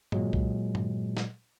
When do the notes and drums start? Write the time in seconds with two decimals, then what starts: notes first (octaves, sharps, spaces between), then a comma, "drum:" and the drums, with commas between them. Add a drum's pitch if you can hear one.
0.12 A#2 F#3 G#3, drum: tom
0.33 drum: kick C2
0.75 drum: tom
1.17 drum: snare